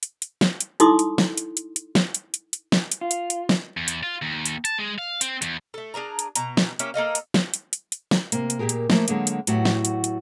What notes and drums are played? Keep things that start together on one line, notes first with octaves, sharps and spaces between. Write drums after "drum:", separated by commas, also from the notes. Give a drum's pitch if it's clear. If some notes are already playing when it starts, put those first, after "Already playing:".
drum: hi-hat
drum: hi-hat
drum: snare
drum: hi-hat
D#4 E4 A4 C6 D6 D#6, drum: hi-hat
drum: hi-hat
drum: snare
drum: hi-hat
drum: hi-hat
drum: hi-hat
drum: snare
drum: hi-hat
drum: hi-hat
drum: hi-hat
drum: snare
drum: hi-hat
F4
drum: hi-hat
drum: hi-hat
drum: snare
E2
drum: hi-hat
F4
D#2
drum: hi-hat
A5, drum: hi-hat
G#3
F5
C4, drum: hi-hat
E2, drum: hi-hat
A3 A4
D4 G#4 A#4 A#5
drum: hi-hat
B2 A#5, drum: hi-hat
drum: snare
A#3 C#4 G4 E5, drum: hi-hat
A#3 A4 D#5 F5
drum: hi-hat
drum: snare
drum: hi-hat
drum: hi-hat
drum: hi-hat
drum: snare
C3 A#3, drum: hi-hat
drum: hi-hat
A#2 A#3 G4 G#4 A#4
drum: hi-hat
F3 A3 A#3, drum: snare
D3 F#3 G#3 A#3 B3, drum: hi-hat
drum: hi-hat
A2 F#3 B3 F#4 G4, drum: hi-hat
drum: snare
drum: hi-hat
drum: hi-hat